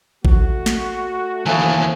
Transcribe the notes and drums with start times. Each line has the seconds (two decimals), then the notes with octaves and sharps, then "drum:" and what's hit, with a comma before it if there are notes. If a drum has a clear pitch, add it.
0.25 A3 F#4, drum: kick A1
0.66 drum: snare
1.46 D#2 E3 F3 A3 C#4 B4 C#5 G#5